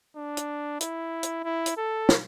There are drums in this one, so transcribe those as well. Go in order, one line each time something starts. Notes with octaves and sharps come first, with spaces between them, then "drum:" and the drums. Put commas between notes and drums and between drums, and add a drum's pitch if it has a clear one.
D4
drum: hi-hat
E4, drum: hi-hat
drum: hi-hat
E4
drum: hi-hat
A4
drum: snare